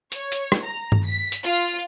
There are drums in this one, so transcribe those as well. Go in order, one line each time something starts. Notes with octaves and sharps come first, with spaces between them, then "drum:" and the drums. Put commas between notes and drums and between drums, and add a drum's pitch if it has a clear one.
C#5, drum: hi-hat
drum: hi-hat
drum: rim click
A#5
drum: tom G2
B6
drum: hi-hat
F4